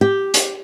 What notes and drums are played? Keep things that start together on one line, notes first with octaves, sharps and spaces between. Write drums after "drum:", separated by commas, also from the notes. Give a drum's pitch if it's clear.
G4
drum: hi-hat